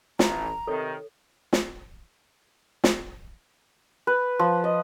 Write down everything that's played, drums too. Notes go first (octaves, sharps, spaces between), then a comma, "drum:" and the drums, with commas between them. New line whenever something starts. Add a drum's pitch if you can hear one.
A1 A#5, drum: snare
C3 D#3 A4 C#5
drum: snare
drum: snare
B4
F3
D#5